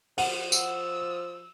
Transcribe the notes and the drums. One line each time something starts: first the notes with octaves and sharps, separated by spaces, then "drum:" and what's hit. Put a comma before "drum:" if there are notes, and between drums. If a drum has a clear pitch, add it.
F3 F#5, drum: open hi-hat
E6, drum: tambourine